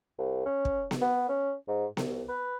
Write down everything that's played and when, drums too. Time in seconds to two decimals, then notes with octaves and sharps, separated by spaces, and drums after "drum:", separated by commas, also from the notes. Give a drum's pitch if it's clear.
0.19 C2
0.46 C#4
0.65 drum: kick
0.91 drum: snare B3
1.02 B3
1.29 C#4
1.68 G#2
1.97 C2, drum: snare B3
2.28 B4